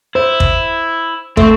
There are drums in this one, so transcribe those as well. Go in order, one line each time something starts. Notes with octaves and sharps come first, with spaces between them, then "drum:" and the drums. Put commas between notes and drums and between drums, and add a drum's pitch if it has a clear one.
E4 C5
drum: kick
A3 C4 C#6, drum: kick